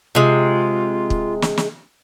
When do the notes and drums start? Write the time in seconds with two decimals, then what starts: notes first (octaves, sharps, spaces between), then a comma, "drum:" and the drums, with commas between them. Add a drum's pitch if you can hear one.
0.15 C3 G#3 F4
1.10 drum: kick
1.42 drum: snare
1.57 drum: snare